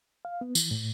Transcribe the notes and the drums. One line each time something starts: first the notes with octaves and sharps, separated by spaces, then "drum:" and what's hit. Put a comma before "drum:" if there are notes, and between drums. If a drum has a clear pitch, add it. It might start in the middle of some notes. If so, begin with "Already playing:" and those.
F5
B3
E3, drum: tambourine
A2